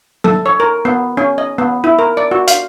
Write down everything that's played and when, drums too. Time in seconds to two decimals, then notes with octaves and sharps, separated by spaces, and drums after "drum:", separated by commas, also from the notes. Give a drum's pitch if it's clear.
0.24 A4, drum: tom F#3
0.46 C#5
0.60 A#4
0.85 B3
1.17 C#4
1.38 D#5
1.58 B3
1.84 E4
1.99 A#4
2.17 D5
2.31 F#4
2.47 F5, drum: hi-hat